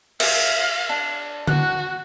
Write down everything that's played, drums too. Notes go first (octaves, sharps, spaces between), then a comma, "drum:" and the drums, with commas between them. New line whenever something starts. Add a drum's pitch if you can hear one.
E5 F5, drum: cymbal
D4
F#4 F#6, drum: tom D3